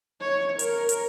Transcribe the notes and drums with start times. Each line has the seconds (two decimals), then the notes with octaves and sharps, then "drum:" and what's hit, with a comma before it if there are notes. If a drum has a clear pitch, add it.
0.21 C#5
0.59 A#4, drum: hi-hat
0.89 drum: hi-hat